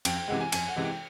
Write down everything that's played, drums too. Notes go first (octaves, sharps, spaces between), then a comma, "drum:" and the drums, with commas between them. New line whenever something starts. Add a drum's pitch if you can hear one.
F2 G5, drum: cymbal
G5
C3 E3 G#3 F#5
G#5
F2 G#5, drum: cymbal
F#5
C3 E3 G#3
G5